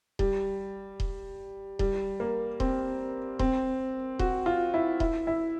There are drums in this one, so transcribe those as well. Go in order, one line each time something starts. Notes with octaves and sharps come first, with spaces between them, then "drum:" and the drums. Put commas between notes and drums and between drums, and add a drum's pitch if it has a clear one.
G3, drum: kick D#1
drum: kick D#1
G3, drum: kick D#1
A#3
C4, drum: kick D#1
C4, drum: kick D#1
F#4, drum: kick D#1
F4
E4
E4, drum: kick D#1
E4